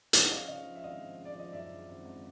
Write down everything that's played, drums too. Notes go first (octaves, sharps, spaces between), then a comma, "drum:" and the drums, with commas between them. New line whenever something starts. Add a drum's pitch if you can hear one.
F3 C#5 D#5, drum: hi-hat
F#5
C#3 D#5 F5
C#3 D#5 F5
F3
E5
G#1 D#5 F5
F3
C#3
D5
F3 D#5
F#2 D5 E5
C#3
G#1
G#1